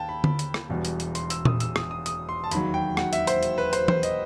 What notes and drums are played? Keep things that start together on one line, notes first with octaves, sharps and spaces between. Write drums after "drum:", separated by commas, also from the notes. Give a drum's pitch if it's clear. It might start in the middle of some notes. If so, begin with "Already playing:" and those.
Already playing: D#2 G5 A5
B5
B5, drum: tom D3
drum: hi-hat
drum: rim click
E1 E2 B2 G3
drum: hi-hat
drum: hi-hat
C6, drum: hi-hat
E6, drum: hi-hat
D#6, drum: tom A#2
E6, drum: hi-hat
D#6, drum: rim click
D#6
D#6, drum: hi-hat
C6
A5
E1 D#2 D#3 F#3 B5, drum: hi-hat
G5
F#5, drum: rim click
E5, drum: hi-hat
C5, drum: hi-hat
drum: hi-hat
B4
C5, drum: hi-hat
C5, drum: tom E3
D#5, drum: hi-hat